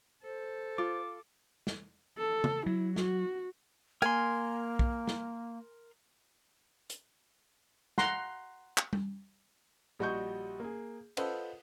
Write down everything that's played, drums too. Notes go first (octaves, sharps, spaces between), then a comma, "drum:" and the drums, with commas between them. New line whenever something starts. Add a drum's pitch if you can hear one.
A4 C5
F4 D6
drum: snare
A4
drum: tom
F#3 E4
F#4, drum: snare
A#3 A#4 G#5 C6
drum: kick
drum: snare
drum: hi-hat
F#5 A#5 C6, drum: snare
drum: clap
drum: tom G3
A#1 G3 F#4 D#5 C#6 G6
A#3 G#4
F4 A4 B4 C5 D#5 F#5, drum: cymbal